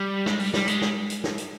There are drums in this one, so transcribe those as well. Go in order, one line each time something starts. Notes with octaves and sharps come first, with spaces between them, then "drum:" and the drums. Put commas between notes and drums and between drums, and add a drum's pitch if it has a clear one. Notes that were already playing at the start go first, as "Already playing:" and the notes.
Already playing: G3
G#3, drum: snare
G3, drum: open hi-hat
G3, drum: snare
G#3, drum: hi-hat
drum: snare
drum: hi-hat
drum: snare
drum: hi-hat